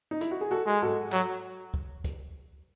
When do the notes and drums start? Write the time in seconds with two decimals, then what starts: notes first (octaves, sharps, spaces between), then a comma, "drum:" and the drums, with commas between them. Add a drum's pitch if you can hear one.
0.11 D#4
0.21 E4, drum: hi-hat
0.31 F#4
0.41 G#4
0.51 F#4 A4
0.66 G#3
0.82 F#4 A4, drum: tom G#2
1.12 F#3, drum: clap
1.74 drum: kick
2.04 drum: kick, hi-hat